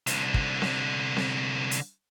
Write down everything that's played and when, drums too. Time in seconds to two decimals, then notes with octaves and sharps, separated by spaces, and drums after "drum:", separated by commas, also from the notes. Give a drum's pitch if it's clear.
0.07 C2 D3, drum: hi-hat
0.34 drum: kick
0.62 drum: snare C4
1.17 drum: snare C4
1.71 drum: hi-hat